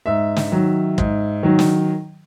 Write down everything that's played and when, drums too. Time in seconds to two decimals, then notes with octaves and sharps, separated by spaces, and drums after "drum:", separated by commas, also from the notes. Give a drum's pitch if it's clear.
0.06 G#2 E5
0.36 drum: snare
0.52 D#3 F#3
0.98 G#2, drum: kick
1.43 D#3 F#3
1.59 drum: snare